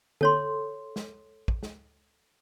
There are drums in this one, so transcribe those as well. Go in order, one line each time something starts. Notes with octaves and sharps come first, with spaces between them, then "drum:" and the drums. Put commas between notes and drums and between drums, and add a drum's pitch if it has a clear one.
A4 C#5 C6, drum: tom D3
drum: snare
drum: kick
drum: snare